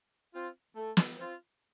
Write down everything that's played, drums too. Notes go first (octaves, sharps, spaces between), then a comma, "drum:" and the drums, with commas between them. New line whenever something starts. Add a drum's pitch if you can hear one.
C4 F4
A3
drum: snare
C4 F4